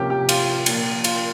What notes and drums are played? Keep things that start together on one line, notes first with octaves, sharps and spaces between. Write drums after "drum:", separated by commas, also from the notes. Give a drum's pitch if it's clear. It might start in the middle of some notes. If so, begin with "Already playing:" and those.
Already playing: C3 F3 A#3 C#4 G4
G4
F4, drum: cymbal
A#2 F3 A#3, drum: cymbal
F4, drum: cymbal